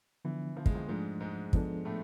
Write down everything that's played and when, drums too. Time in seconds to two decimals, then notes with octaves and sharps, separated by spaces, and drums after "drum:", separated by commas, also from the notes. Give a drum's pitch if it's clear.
0.25 D3 E3 F3 B3 D4
0.57 F3
0.66 G#3, drum: kick
0.75 F2 F3
0.88 G#2 F3 G#3 A3 D4
1.20 G#2 G#3
1.53 F3 B3 D4 A4, drum: kick
1.85 A2 A3